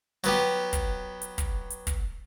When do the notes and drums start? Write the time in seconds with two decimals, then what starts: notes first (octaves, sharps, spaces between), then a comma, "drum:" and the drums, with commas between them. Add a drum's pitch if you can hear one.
0.24 F#3 B3 G4, drum: hi-hat
0.73 drum: kick, hi-hat
1.22 drum: hi-hat
1.38 drum: kick, hi-hat
1.70 drum: hi-hat
1.87 drum: kick, hi-hat